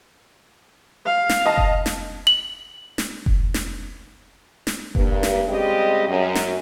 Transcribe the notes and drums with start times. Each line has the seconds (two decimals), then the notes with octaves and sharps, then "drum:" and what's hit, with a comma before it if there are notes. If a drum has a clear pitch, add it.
1.05 F5
1.29 drum: snare
1.46 D#5 A5
1.58 drum: kick F1
1.86 drum: snare
2.27 F#7
2.98 drum: snare
3.26 drum: kick F1
3.54 drum: snare
4.67 drum: snare
4.95 G2 A#3, drum: kick F1
5.23 drum: snare
5.48 C#3 G3 G#3 C4 G4 D#5
6.07 F#2
6.35 drum: snare